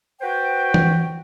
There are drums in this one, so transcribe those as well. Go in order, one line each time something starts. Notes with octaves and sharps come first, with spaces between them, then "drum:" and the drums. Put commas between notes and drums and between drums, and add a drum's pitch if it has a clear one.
F#4 B4 C5 G5
drum: tom E3